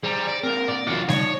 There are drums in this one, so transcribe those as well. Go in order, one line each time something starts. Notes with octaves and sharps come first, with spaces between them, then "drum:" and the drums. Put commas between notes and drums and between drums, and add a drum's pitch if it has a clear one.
G3 G#4 C5 A#5
D5
A#3 C4 A#4
D5
C3 E3 F#3 F4 F#5
D#4 C#5 D5, drum: snare